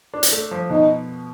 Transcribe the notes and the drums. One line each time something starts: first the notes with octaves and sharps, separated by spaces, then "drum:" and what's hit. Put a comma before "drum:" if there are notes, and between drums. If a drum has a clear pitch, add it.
D4
drum: hi-hat
A3
F3
B2 D#4